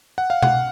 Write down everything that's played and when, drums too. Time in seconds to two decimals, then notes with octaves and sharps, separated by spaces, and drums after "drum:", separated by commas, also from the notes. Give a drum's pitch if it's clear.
0.18 F#5
0.30 F5
0.42 F#5, drum: tom B2